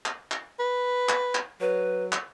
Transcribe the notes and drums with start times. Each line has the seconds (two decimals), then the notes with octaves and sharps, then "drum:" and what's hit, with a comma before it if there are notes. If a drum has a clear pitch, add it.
0.06 drum: clap
0.31 drum: clap
0.59 B4
1.09 drum: clap
1.35 drum: clap
1.61 F#3 B4
2.12 drum: clap